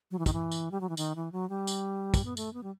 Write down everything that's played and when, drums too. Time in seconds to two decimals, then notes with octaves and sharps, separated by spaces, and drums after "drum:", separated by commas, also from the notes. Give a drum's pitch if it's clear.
0.11 F#3
0.19 E3
0.26 D#3, drum: kick, tambourine
0.33 E3
0.52 drum: tambourine
0.71 G3
0.81 F#3
0.89 E3
0.97 D#3, drum: tambourine
1.16 E3
1.32 F#3
1.49 G3
1.67 drum: tambourine
2.14 drum: kick, tambourine
2.25 B3
2.37 A3, drum: tambourine
2.54 B3
2.63 G3